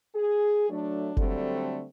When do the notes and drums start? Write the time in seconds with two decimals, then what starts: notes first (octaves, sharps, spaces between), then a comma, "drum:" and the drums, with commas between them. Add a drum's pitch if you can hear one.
0.15 G#4
0.69 F#3 A3 D4
1.17 D3 F#3 G3 A3 C4, drum: kick F#1